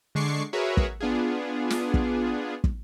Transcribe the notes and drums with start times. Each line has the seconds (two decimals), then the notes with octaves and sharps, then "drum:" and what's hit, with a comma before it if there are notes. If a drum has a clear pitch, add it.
0.15 D3 G#3 D4 C#6 D6 C7
0.53 F#4 G#4 A#4 B4 C#5 E5
0.77 drum: kick
1.00 B3 D4 F4 G#4
1.70 drum: snare
1.94 drum: kick
2.64 drum: kick